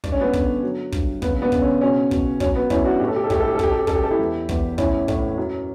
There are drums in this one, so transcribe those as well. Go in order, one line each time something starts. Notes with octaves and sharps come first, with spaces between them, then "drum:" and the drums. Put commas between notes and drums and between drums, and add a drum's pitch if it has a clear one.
G2 D4, drum: kick
C#4
B3 D4
D3, drum: kick
F#3
G2, drum: kick
C#3 B3, drum: kick
B3 D4
C#3, drum: kick
C#4
B2 C#4
B2, drum: kick
F#3 C#4, drum: kick
B3
F#3 C#4 E4, drum: kick
D4 F#4
A2 G4
A4
G4
A4
A2 G4, drum: kick
A4
G4
A4
F#2 G4, drum: kick
A4
G4
F#2 A4, drum: kick
G4
A4
E4 G4
E2
E2, drum: kick
A2 C#4 E4, drum: kick
A2, drum: kick
F#2